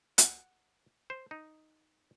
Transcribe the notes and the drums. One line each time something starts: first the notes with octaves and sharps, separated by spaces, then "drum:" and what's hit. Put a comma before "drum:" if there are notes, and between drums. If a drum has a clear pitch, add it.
F#5, drum: hi-hat
C5
D#4